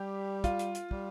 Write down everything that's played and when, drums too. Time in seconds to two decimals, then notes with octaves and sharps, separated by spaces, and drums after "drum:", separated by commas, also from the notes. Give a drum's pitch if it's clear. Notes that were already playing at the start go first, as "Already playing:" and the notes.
Already playing: G3 G4
0.44 F4, drum: kick, hi-hat
0.59 drum: hi-hat
0.75 drum: hi-hat
0.91 G3, drum: kick